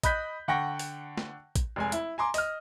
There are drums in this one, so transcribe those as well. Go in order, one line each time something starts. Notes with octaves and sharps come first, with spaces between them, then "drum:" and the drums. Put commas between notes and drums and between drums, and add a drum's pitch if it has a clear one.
D#5 B5 F#6 G6 B6, drum: kick, hi-hat
D3 F#5 G5 C#6 A#6
drum: open hi-hat
drum: snare
drum: kick, hi-hat
F1 G#3 G#5
E4, drum: hi-hat
G#5 A#5 C6 D6
D#5 F6, drum: open hi-hat